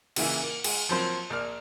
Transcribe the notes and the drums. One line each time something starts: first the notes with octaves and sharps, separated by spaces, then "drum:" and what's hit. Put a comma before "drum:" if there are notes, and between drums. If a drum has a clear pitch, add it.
A#2 C#3 E3 A#3 E4, drum: cymbal
A#3
G#3, drum: cymbal
F3 F#3 A#3 C4 C5
A#1 A#4 D5 F6